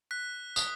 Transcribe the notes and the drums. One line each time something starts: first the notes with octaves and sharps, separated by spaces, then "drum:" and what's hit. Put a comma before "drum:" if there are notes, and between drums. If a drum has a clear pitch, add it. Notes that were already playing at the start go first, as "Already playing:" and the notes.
F#6 B6
D#6, drum: tambourine